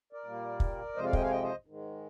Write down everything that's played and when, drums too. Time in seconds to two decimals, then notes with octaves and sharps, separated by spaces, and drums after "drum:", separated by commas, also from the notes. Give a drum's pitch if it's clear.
0.13 A#4 D5
0.24 A#2 G3 A#3
0.60 drum: kick
0.95 F2 C3 F3 G#3 C5 D#5
1.05 D5 F5
1.13 D#5 G5, drum: kick
1.22 F5 G#5
1.31 D#5 G5
1.43 C5 D#5
1.66 G#2 D#3 G#3